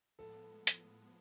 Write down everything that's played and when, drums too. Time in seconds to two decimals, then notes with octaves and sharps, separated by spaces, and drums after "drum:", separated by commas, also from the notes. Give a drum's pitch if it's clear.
0.19 A2 F3 G#3 B3 A4
0.67 drum: hi-hat